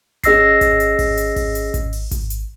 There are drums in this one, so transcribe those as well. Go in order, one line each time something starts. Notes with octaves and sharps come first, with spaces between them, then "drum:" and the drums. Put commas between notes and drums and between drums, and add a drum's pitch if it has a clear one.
C#4 G#4 D#5 E6 A#6 C7, drum: kick G#1, hi-hat
drum: kick G#1, hi-hat
drum: hi-hat
drum: kick G#1, open hi-hat
drum: hi-hat
drum: kick G#1, open hi-hat
drum: hi-hat
drum: kick G#1, hi-hat
drum: open hi-hat
drum: kick G#1, hi-hat
drum: hi-hat